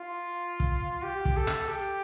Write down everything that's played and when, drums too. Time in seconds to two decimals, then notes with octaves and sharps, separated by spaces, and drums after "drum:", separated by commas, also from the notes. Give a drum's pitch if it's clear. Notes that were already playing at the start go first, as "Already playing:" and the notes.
Already playing: F4
0.60 drum: kick
1.03 G4
1.25 drum: kick
1.37 A4
1.47 drum: rim click
1.69 G4